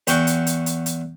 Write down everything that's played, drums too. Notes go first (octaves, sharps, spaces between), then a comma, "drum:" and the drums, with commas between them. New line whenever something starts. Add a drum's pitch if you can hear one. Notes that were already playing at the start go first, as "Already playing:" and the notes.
E2 F#4 G5 C#6, drum: hi-hat
drum: hi-hat
drum: hi-hat
drum: hi-hat
drum: hi-hat